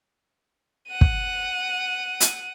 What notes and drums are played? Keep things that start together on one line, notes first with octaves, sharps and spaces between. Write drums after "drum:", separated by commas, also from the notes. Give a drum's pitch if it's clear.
F#5 D#7
drum: kick
drum: hi-hat